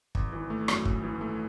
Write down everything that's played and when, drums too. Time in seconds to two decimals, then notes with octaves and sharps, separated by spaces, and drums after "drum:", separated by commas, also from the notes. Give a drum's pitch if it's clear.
0.15 G#1, drum: kick
0.33 E3
0.50 A3
0.68 F#2, drum: rim click
0.85 G#1, drum: kick
1.04 E3
1.21 A3